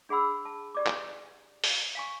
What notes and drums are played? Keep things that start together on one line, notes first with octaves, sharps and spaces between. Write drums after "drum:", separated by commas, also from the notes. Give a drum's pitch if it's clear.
D4 G#4 F#5 B5 E6
A5
G4 D5 D6
drum: clap
drum: open hi-hat
F5 G#5 C#6